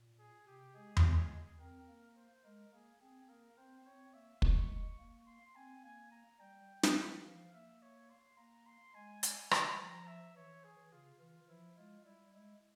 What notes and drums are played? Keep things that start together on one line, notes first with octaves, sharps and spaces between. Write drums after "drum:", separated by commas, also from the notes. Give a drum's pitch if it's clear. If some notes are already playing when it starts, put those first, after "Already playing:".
Already playing: A#2
G#4
C3 G4
G#3 G#4
drum: tom E2
C4 A#4
A#3
C5
G#3 A#4
A#3 G#4
C4 G#4
A#3 A#4
C4 C5
C4 C#5
A#3 E5
G#3 C#6, drum: kick
A#3
C6
C4 G#5
A#3 G#5
A#5
G3 G5
drum: snare
E3
F3 F5
A#3 E5
C#5
C6
A#3 A#5
C6
G#3 G#5
G#5, drum: hi-hat
G3 G#5, drum: rim click
F3 A#5
E5
E3 C#5
G#4
C#3 F4
E3 F4
F3 E4
G#3 F4
G3 E4
G#3 E4